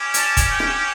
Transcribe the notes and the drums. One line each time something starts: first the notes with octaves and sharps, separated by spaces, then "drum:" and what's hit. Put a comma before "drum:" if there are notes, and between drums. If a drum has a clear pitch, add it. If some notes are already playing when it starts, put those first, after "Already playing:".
Already playing: C#4 E4 G4
A5, drum: hi-hat
drum: kick, hi-hat
G5
drum: rim click